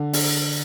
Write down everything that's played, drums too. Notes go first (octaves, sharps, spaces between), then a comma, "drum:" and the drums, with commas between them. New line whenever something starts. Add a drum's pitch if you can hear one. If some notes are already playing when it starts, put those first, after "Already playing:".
Already playing: D3
D3, drum: open hi-hat